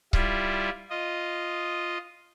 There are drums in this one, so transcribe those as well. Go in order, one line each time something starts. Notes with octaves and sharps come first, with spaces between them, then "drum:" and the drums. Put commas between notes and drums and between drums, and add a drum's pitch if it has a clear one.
G3 E4 F4, drum: kick C#1
F4 D#5